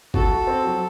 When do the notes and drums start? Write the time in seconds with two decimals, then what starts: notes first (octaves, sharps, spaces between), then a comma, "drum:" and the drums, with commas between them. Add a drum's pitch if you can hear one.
0.14 F#4 A4, drum: kick
0.31 F#4
0.47 C4
0.64 F#3